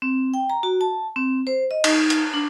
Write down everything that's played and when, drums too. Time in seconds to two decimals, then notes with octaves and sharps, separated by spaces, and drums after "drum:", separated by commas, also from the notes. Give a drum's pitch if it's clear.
0.02 C4
0.34 G5
0.50 A#5
0.63 F#4
0.81 A5
1.16 C4
1.47 C5
1.71 D#5
1.84 D#4, drum: cymbal
2.10 drum: hi-hat
2.34 D4